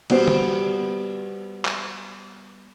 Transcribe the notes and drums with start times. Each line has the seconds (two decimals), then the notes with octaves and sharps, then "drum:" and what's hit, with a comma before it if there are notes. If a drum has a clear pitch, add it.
0.10 G3 B3 F#4 C5, drum: cymbal
0.28 drum: tom
1.65 drum: clap